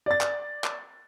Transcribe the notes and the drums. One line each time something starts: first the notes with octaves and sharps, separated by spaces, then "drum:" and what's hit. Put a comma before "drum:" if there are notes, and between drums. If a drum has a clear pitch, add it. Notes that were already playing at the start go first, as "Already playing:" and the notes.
D5 A6
drum: clap
drum: clap